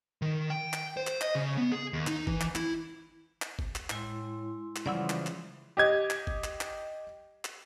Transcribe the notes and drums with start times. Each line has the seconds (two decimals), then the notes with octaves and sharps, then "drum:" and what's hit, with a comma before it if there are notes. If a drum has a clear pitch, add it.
0.22 D#3
0.50 G5
0.73 drum: clap
0.97 C5
1.07 drum: clap
1.21 D#5, drum: clap
1.35 C#3
1.57 B3
1.72 G#4
1.93 D#2
2.07 D#4, drum: clap
2.27 E3, drum: kick G1
2.41 drum: clap
2.55 E4, drum: clap
3.42 drum: clap
3.59 drum: kick G1
3.75 drum: clap
3.90 A2 G#3 E4 C6, drum: clap
4.76 drum: clap
4.86 C#3 E3 F3 G3 D5 F#5 E6
5.10 drum: clap
5.27 drum: clap
5.77 G4 D#5 G#6
6.10 drum: clap
6.27 drum: kick G1
6.44 drum: clap
6.61 drum: clap
7.45 drum: clap